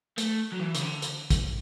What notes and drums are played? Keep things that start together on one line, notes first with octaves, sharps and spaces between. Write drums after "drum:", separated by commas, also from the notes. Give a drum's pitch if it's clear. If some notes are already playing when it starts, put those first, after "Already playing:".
A3, drum: hi-hat
F#3
E3
C#3, drum: hi-hat
D3
drum: hi-hat
drum: kick, hi-hat